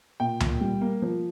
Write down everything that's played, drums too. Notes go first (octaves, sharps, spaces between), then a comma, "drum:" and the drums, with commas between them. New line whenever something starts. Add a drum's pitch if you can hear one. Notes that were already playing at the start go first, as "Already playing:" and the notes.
A#2 G5
A#2, drum: tom C#2
G3
A#3
F3